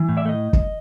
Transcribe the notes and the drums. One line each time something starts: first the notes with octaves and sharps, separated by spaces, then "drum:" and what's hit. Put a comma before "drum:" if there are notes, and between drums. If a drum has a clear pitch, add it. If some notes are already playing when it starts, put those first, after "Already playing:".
Already playing: E3
A2
D5 E5
A3
D#5
drum: kick